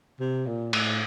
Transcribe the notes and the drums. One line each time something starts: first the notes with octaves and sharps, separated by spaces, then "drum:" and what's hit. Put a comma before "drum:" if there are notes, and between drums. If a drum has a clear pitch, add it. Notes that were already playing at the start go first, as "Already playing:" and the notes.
C3
A#2
A2, drum: cymbal